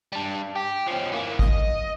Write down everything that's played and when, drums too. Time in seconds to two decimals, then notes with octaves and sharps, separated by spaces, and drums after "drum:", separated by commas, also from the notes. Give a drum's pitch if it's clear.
0.13 G3 D4
0.56 G4
0.87 F3 C#4
1.13 E3 A#3
1.39 D#5, drum: kick